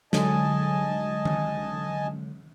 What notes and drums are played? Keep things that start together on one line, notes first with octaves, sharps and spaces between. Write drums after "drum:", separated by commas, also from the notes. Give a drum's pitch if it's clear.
D3 F#3 G#3 D#5 G#5 A5, drum: snare
drum: tom D#3